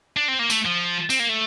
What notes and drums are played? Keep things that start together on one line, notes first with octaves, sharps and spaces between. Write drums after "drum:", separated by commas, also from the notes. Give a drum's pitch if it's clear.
D4
C4
A#3
A3, drum: tambourine
F3
C4, drum: tambourine
A#3
A3